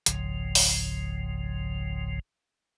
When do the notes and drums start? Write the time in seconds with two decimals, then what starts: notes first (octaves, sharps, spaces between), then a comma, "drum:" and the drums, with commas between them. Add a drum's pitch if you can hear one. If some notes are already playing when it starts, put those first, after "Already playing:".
0.06 F#1 C2 G#2 C#3 F3, drum: hi-hat
0.55 drum: open hi-hat